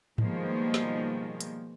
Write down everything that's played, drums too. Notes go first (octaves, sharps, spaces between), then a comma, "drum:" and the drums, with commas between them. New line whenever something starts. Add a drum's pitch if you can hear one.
B2 D#3 F3 G3 G#3 A#3, drum: tom G#2
drum: snare
drum: hi-hat